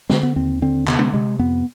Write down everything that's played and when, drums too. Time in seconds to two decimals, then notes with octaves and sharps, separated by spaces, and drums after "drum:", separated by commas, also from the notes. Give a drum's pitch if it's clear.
0.09 D3 G#3, drum: snare
0.23 B3
0.36 D#2 C4
0.62 D3 C4
0.88 C3 B3, drum: clap
0.99 drum: tom G#3
1.13 C3 G#3
1.39 F2 B3